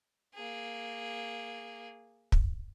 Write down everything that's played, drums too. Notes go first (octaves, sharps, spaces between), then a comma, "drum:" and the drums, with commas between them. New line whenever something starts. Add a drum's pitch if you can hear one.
A#3 G#4
drum: kick